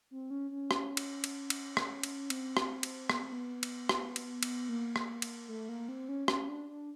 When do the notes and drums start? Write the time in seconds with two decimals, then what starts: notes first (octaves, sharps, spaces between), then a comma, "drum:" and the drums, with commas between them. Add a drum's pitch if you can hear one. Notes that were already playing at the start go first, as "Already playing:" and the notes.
0.11 C4
0.30 C#4
0.51 C#4
0.71 drum: rim click
0.97 drum: cymbal
1.24 drum: cymbal
1.50 drum: cymbal
1.77 drum: rim click
2.03 drum: cymbal
2.30 C4, drum: cymbal
2.57 drum: rim click
2.83 drum: cymbal
3.10 B3, drum: rim click
3.21 C4
3.32 B3
3.63 drum: cymbal
3.89 drum: rim click
4.16 drum: cymbal
4.43 drum: cymbal
4.69 A#3
4.96 drum: rim click
5.22 drum: cymbal
5.49 A3
5.69 A#3
5.88 C4
6.09 C#4
6.28 C#4, drum: rim click
6.41 C#4
6.48 D4
6.69 D4